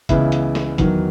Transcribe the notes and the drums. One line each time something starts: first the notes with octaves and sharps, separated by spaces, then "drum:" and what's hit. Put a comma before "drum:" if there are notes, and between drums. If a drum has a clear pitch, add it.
C#2 C#3 E3 B3 E4, drum: kick, hi-hat
drum: hi-hat
drum: snare
E2 D#3 F#3, drum: kick, hi-hat